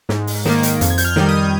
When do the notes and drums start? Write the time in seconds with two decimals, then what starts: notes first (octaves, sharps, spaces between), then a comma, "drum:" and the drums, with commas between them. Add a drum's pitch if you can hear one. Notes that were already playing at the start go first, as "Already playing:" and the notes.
0.09 G#2, drum: snare
0.27 drum: open hi-hat
0.45 D#3 A#3, drum: snare
0.63 drum: hi-hat
0.81 F2, drum: hi-hat
0.90 G#6
0.98 G6, drum: hi-hat
1.05 F6
1.16 D#3 G3, drum: snare
1.29 D#6